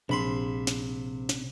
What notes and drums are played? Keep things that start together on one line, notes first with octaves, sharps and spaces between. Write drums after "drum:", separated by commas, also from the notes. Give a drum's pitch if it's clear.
A#1 C3 B5 C6
drum: snare
drum: snare